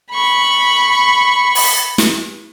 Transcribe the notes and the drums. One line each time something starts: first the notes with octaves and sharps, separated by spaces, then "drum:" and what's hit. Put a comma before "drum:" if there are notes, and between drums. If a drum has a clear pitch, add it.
B5 C#6
drum: open hi-hat
drum: snare